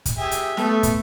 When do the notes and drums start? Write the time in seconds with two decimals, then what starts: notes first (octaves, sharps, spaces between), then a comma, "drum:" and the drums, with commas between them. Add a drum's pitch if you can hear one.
0.06 drum: kick, hi-hat
0.18 G4 G#4 E5
0.31 drum: hi-hat
0.57 A3 B3 A4 E5, drum: snare
0.83 drum: kick, hi-hat